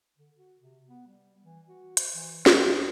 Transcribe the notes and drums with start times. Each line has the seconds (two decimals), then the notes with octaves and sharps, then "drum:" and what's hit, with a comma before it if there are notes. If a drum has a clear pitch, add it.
0.18 D3
0.36 F#4
0.60 C3
0.87 B3
1.07 G3
1.43 E3
1.68 F#4
1.97 C5, drum: hi-hat
2.15 E3
2.46 F2, drum: snare
2.75 D#2